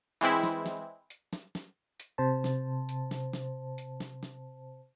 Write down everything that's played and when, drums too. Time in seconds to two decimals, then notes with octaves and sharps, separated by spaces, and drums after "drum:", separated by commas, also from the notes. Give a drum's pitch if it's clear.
0.21 E3 G#3 C4 E4, drum: hi-hat
0.43 drum: snare
0.66 drum: snare
1.10 drum: hi-hat
1.33 drum: snare
1.55 drum: snare
2.00 drum: hi-hat
2.18 C3 C5 A5
2.44 drum: snare
2.89 drum: hi-hat
3.11 drum: snare
3.33 drum: snare
3.78 drum: hi-hat
4.00 drum: snare
4.23 drum: snare